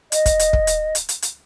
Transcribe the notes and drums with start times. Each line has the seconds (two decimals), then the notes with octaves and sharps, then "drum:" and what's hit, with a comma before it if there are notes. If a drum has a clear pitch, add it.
0.12 D#5, drum: hi-hat
0.26 drum: kick, hi-hat
0.39 drum: hi-hat
0.53 drum: kick
0.67 drum: hi-hat
0.95 drum: hi-hat
1.09 drum: hi-hat
1.22 drum: hi-hat